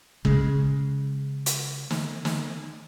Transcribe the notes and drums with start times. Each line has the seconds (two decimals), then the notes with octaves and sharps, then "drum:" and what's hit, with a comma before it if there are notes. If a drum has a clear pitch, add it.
0.25 C#3 G#3, drum: kick G1
1.46 drum: hi-hat
1.91 drum: snare
2.25 drum: snare